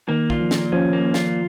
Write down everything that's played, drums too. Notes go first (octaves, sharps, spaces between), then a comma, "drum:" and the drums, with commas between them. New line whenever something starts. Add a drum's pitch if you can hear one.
D#3 A#3
F4, drum: kick
F3
A#2, drum: snare
F3 C#4
A#3
F4, drum: snare